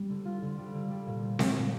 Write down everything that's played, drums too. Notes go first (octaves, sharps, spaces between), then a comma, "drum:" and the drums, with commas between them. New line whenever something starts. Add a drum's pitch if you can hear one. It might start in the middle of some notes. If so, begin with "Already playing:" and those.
Already playing: G3
D3
F4
D3
G3
D3
G3
A#2
G3
A#2, drum: snare C4
A#2